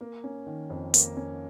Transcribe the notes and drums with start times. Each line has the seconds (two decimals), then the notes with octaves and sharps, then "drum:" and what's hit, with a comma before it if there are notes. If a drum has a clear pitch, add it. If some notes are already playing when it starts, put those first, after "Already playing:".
0.01 A#3
0.24 C#4
0.46 D#3
0.70 F2
0.94 A#3, drum: hi-hat
1.17 C#4